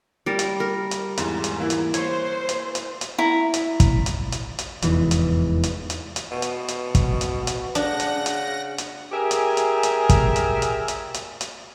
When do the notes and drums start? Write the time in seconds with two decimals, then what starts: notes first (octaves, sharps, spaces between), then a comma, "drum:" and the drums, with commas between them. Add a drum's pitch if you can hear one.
0.26 G3 A#4 D5
0.39 drum: hi-hat
0.60 A#4
0.91 drum: hi-hat
1.17 E2 G#2, drum: hi-hat
1.44 drum: hi-hat
1.58 E3 A#3 E4
1.70 drum: hi-hat
1.94 C5 C#5, drum: hi-hat
2.49 drum: hi-hat
2.75 drum: hi-hat
3.01 drum: hi-hat
3.19 E4 A#5
3.54 drum: hi-hat
3.80 drum: kick, hi-hat
4.06 drum: hi-hat
4.32 drum: hi-hat
4.59 drum: hi-hat
4.82 F1 E2 G#2 E3, drum: hi-hat
5.11 drum: hi-hat
5.63 drum: hi-hat
5.90 drum: hi-hat
6.16 drum: hi-hat
6.31 B2
6.42 drum: hi-hat
6.68 drum: hi-hat
6.95 drum: kick, hi-hat
7.21 drum: hi-hat
7.47 drum: hi-hat
7.75 C#3 D4 F#5 A#6, drum: hi-hat
8.00 drum: hi-hat
8.26 drum: hi-hat
8.78 drum: hi-hat
9.12 G4 G#4 A#4 E5 G#5
9.31 drum: hi-hat
9.57 drum: hi-hat
9.83 drum: hi-hat
10.09 drum: kick, hi-hat
10.36 drum: hi-hat
10.62 drum: hi-hat
10.88 drum: hi-hat
11.14 drum: hi-hat
11.41 drum: hi-hat